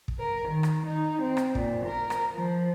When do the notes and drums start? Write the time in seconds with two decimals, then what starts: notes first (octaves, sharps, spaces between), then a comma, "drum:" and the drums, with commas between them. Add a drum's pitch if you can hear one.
0.08 drum: kick
0.19 A#4
0.48 D#3
0.63 drum: rim click
0.86 D#4
1.22 C4
1.37 drum: rim click
1.55 A#2, drum: kick
1.86 A#4
2.10 drum: rim click
2.34 F3